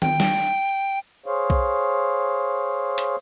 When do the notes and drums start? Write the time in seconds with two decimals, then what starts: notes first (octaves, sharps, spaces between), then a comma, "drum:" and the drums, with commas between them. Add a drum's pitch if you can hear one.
0.02 G5, drum: tom D#3
0.20 drum: snare
1.26 G#4 C5 C#5 F5
1.50 drum: kick B1
2.98 drum: hi-hat